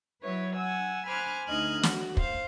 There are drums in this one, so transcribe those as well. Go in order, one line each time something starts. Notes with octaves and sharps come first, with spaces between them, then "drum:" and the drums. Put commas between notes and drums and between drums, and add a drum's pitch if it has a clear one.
F#3 E4 B4 C#5
F#5 G#5 E6
C5 G#5 B5 D6 F6 F#6
D2 D#4 D#5 F6 F#6 G#6
F#4, drum: snare
C5 F5, drum: kick